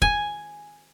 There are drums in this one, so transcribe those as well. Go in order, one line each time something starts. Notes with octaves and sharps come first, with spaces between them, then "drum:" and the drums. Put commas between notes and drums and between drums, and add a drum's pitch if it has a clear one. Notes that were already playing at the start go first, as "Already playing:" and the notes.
G#5, drum: kick F1